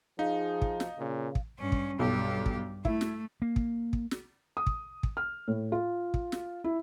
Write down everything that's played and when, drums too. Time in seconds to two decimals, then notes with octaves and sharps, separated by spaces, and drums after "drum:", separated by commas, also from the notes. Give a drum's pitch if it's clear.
0.19 F3 D#4 G#4 F5
0.62 drum: kick
0.80 drum: snare
0.98 A#2 C#3
1.35 drum: kick
1.59 G2 C#4
1.72 drum: kick
1.99 B1 G2 G4
2.46 drum: kick
2.85 A3 E4, drum: kick
3.01 drum: snare
3.42 A#3
3.56 drum: kick
3.93 drum: kick
4.11 drum: snare
4.57 D#6
4.67 drum: kick
5.03 drum: kick
5.17 F6
5.48 A2
5.72 F4
6.14 drum: kick
6.32 drum: snare
6.64 E4